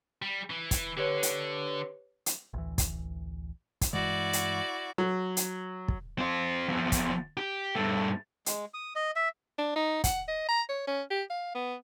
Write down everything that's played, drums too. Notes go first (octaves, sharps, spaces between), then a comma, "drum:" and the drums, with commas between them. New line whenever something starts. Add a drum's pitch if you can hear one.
G3
E3
drum: kick, hi-hat
D3 G4 B4 C#5
drum: hi-hat
drum: hi-hat
A1 D2 E3
drum: kick, hi-hat
drum: kick, hi-hat
G2 E3 G#3 E4 F#4 D5
drum: hi-hat
F#3
drum: hi-hat
drum: kick
C4 F4
E2 F3
drum: kick, hi-hat
G4
G2 A3
G#3, drum: hi-hat
D#6
D#5
E5
D4
D#4
F#5, drum: kick, hi-hat
D#5
A#5
C#5
C#4
G4
F5
B3